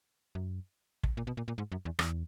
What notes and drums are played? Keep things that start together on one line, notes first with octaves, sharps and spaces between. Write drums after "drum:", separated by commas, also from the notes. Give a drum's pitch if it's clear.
F#2
drum: kick
A#2
B2
A#2
A#2
G#2
F#2
E2
E2, drum: rim click